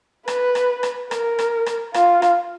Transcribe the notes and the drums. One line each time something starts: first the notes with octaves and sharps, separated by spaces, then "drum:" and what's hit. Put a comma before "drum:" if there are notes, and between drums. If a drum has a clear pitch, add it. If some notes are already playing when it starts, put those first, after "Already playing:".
B4, drum: rim click
drum: rim click
drum: rim click
A#4, drum: rim click
drum: rim click
drum: rim click
F4, drum: rim click
drum: rim click